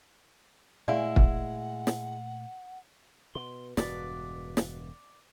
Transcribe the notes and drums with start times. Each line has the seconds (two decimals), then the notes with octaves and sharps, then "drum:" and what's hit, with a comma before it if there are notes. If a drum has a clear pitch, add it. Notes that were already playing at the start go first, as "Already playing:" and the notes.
0.88 A#2 G#3 A3 E4 D5 F5 F#5 G#5
1.16 drum: kick
1.87 drum: snare
3.35 B2 C6
3.77 E1 G2 F#4 B4 D5, drum: snare
4.57 drum: snare